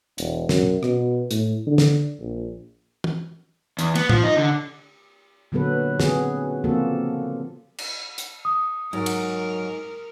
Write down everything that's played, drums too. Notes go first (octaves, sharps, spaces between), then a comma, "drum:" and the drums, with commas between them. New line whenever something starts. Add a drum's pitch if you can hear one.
E1, drum: hi-hat
F#2, drum: snare
drum: tom
B2, drum: rim click
A2, drum: hi-hat
D3
drum: snare
A#1
drum: tom
E2, drum: hi-hat
B3, drum: cymbal
F3, drum: tom
D#4
D3
A#2 D3 F#3 B3 A4 B4
B3 C4 F#4 G#4, drum: snare
C#3 F3 A#3 C4 F#4 A4
drum: cymbal
drum: hi-hat
D#6
G#2 F#3 A#4
drum: cymbal